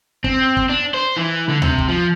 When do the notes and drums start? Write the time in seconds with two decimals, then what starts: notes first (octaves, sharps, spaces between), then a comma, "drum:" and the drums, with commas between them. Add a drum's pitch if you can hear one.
0.24 C4, drum: kick
0.57 drum: kick
0.69 D4
0.94 C5
1.17 E3
1.49 D3
1.62 C3, drum: tom D2
1.78 drum: kick
1.88 F3